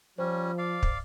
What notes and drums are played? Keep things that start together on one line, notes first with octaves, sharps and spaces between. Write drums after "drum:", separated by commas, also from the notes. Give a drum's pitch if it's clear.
F3 G3 C#4 C5
D5 F5
drum: kick